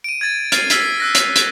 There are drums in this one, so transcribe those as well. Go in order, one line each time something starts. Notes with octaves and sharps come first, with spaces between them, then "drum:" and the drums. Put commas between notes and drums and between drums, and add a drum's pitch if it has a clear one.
D7 D#7
G#6 A6 D#7
F6 A6 C7 D#7, drum: hi-hat
E6 F6 A6 B6 C7, drum: hi-hat
E6 F#6 A#6
drum: hi-hat
drum: hi-hat